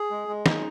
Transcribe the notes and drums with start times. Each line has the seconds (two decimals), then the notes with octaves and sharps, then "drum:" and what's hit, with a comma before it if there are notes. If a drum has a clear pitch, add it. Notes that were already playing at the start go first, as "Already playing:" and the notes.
Already playing: G#4
0.11 G#3
0.28 G#3
0.46 D#4, drum: snare